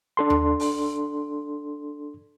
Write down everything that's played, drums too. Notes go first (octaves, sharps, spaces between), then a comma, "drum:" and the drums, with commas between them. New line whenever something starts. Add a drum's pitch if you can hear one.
D4 A4 C6
drum: tom D#2
drum: open hi-hat